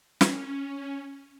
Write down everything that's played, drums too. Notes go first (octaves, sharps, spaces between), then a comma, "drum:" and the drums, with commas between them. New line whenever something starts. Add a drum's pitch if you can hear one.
C#4, drum: snare